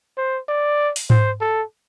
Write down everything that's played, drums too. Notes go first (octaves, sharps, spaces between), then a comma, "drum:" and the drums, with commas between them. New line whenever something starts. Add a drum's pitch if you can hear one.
C5
D5
drum: open hi-hat
C5, drum: tom G#2
A4